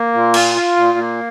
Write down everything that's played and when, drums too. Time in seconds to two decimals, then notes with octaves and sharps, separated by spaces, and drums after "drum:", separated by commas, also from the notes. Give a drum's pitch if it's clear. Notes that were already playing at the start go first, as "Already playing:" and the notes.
Already playing: A#3
0.14 A#2
0.34 F4, drum: cymbal
0.56 F4
0.76 A#2
0.98 A#3